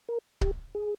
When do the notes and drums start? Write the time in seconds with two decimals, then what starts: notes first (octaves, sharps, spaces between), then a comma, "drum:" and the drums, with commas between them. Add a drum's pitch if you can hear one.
0.09 A#4
0.41 G4, drum: kick C#1
0.75 G#4